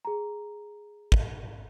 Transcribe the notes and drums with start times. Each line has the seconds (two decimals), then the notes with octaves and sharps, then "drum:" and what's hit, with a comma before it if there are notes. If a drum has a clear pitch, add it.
0.05 G#4 A#5
1.12 drum: kick